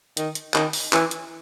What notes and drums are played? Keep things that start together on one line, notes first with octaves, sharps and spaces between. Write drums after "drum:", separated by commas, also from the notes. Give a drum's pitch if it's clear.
D#3, drum: hi-hat
drum: hi-hat
D#3, drum: clap
drum: open hi-hat
E3, drum: clap
drum: hi-hat